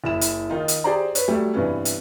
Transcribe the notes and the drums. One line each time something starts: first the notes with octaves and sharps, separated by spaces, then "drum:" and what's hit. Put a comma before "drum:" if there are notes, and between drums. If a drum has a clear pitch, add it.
F#1 E4 E7
drum: hi-hat
D#3 D#4 F4
drum: hi-hat
G4 G#4 C5 D5 A#5
B4 C#5, drum: hi-hat
F#3 G3 A3
G2 C3 E3 B3 C#4
drum: hi-hat